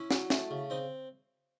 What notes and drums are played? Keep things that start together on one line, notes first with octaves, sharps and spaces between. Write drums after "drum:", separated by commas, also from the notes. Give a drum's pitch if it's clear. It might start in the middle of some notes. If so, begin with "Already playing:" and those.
Already playing: C#4 E4
F#3, drum: snare
A3, drum: snare
C#3
C4 D#4